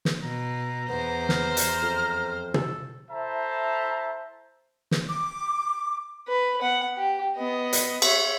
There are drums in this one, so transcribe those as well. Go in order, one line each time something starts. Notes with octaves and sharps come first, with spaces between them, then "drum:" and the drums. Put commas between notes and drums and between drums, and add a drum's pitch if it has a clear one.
drum: snare
B2 A#5
E2 B3 C5
A#5 F6, drum: snare
drum: hi-hat
F2
A4, drum: tom
E4 A4 C5 E5 A5 A#5
drum: snare
D6
B4
B3 F#5
G4
B3 D#5
drum: hi-hat
C#5 E5, drum: cymbal